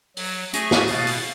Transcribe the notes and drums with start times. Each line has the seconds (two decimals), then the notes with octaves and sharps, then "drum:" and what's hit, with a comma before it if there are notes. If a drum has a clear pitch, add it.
0.17 F#3, drum: open hi-hat
0.53 A3 G#4 G#5 C#6 A#6, drum: hi-hat
0.71 drum: snare
0.87 B2 F5 A6, drum: open hi-hat
1.07 drum: open hi-hat